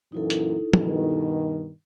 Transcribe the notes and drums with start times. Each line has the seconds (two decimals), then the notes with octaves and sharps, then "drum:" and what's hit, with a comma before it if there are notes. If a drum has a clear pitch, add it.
0.12 F#2 A#2 E3 D#4 E4 A4
0.30 drum: hi-hat
0.73 G2 B2 D#3, drum: tom